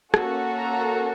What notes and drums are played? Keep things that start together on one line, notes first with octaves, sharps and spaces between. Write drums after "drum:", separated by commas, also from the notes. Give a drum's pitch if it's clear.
A#3 C#4 F#4 A4, drum: rim click
A#5